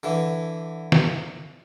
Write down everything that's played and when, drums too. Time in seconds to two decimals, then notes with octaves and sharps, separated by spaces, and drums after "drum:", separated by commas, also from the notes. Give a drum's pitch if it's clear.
0.03 D3 E3
0.92 drum: snare